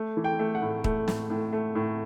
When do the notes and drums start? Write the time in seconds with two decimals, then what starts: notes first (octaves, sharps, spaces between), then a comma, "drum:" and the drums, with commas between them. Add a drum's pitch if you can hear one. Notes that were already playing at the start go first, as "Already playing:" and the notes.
Already playing: A3
0.17 E3
0.24 G5
0.39 A3
0.55 F#5
0.62 A2
0.84 A3, drum: kick
1.08 A2, drum: snare
1.30 A2
1.53 A3
1.75 A2